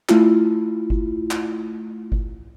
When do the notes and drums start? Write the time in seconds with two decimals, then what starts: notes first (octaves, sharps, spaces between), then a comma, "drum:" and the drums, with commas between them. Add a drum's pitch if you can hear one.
0.09 A3 E4 F4, drum: clap
0.90 drum: kick G1
1.31 drum: clap
2.12 drum: kick G1